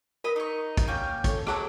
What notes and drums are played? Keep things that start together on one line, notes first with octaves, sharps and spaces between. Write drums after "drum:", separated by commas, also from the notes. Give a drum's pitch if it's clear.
A#4 B4 D#5 B5
D#4 C#6 D6
drum: kick, hi-hat
A#3 C#4 G5
A4 C#5, drum: kick, hi-hat
F#3 G#4 F#5 A5 D6, drum: rim click